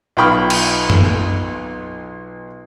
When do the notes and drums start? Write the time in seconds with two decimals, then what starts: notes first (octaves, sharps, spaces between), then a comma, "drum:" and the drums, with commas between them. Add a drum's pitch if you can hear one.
0.17 B1 F4 G5 B5 C#6 F6
0.50 drum: cymbal
0.90 drum: tom F#2